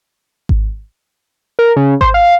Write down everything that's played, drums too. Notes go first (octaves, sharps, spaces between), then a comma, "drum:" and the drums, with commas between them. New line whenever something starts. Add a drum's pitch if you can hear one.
drum: kick G#1
A#4
C#3
C5, drum: kick G#1
F5